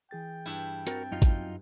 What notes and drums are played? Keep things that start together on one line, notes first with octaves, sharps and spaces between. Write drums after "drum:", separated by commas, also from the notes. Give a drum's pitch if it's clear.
E3 G#4 G5 A6
G2 E4
C4 F#4 A#4 A6, drum: hi-hat
F#2 D#4 F4
drum: kick G#1, hi-hat